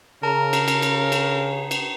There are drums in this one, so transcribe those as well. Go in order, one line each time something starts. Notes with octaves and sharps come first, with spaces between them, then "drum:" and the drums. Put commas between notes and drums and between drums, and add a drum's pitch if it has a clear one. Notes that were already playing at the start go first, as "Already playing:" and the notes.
C#3 A#4 A5 A#5
drum: cymbal
drum: cymbal
drum: cymbal
drum: cymbal
drum: cymbal